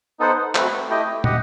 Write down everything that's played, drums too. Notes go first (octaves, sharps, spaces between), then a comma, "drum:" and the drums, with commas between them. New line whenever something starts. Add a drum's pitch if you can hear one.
B3 D#4 A4 C5 F#5
A3 C4 F#4 B4, drum: clap
A3 E4 G4 D#5 G5
G4 D#5 F#5, drum: tom